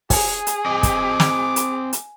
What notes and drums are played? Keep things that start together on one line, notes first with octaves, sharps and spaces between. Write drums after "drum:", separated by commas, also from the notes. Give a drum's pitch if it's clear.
G#4 G#5, drum: kick, open hi-hat
drum: hi-hat
C4 D#5 D6
drum: kick, hi-hat
drum: snare
drum: hi-hat
drum: hi-hat